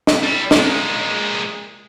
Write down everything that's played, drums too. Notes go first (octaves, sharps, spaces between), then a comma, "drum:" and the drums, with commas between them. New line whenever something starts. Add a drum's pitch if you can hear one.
drum: snare
G3 E4
A#2 G#3, drum: snare